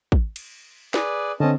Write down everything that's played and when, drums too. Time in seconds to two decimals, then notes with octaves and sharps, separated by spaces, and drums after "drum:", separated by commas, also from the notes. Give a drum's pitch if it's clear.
0.12 drum: kick
0.36 drum: cymbal
0.94 G#4 B4 D5, drum: snare
1.40 D3 C4 C#4 D#5 A5